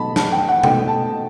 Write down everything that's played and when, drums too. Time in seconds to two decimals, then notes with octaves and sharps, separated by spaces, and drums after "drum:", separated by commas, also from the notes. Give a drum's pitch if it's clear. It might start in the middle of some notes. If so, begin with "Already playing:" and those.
Already playing: B2 F#3 A3 D#4 A5 B5
0.16 A5, drum: snare
0.32 G5
0.48 F#5
0.63 B2 A3 D#4 G5, drum: tom B2
0.88 A5